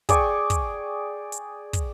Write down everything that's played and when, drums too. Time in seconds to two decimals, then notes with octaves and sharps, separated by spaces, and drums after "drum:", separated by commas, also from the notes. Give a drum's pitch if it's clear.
0.09 G#4 D5 G5 C#6, drum: kick, hi-hat
0.50 drum: kick, hi-hat
1.32 drum: hi-hat
1.73 drum: kick, hi-hat